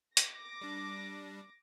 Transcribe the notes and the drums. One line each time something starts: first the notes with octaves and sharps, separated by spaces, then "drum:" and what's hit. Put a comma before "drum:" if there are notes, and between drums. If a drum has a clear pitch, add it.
D6 A#6, drum: hi-hat
G3 D4